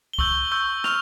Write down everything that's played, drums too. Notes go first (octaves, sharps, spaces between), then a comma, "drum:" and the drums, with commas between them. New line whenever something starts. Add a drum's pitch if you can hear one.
G7
C#6 E6 G6 F#7, drum: kick
C#6 E6 G6
C#6 F6 F7, drum: rim click